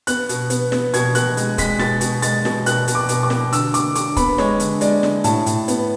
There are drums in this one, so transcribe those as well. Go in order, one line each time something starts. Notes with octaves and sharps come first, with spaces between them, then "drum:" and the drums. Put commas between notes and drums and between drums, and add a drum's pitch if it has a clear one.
B3 F#6, drum: hi-hat
B2, drum: hi-hat
B3, drum: hi-hat
B3, drum: snare
B2 G#6, drum: hi-hat
B2 F#6, drum: hi-hat
G#3, drum: hi-hat
G#3 B6, drum: kick, hi-hat
B2 A6, drum: snare
B2, drum: hi-hat
G#3 A6, drum: hi-hat
B2, drum: snare
B2 F#6, drum: hi-hat
B2, drum: hi-hat
D6
B2, drum: hi-hat
D6
B2, drum: snare
D3 E6, drum: hi-hat
D3 D6, drum: hi-hat
D3 D6, drum: hi-hat
B3 B5, drum: kick, hi-hat
G#3 C#5, drum: snare
D3, drum: hi-hat
G#3 D5, drum: hi-hat
D3, drum: snare
A2 A5, drum: hi-hat
A2, drum: hi-hat
B3, drum: hi-hat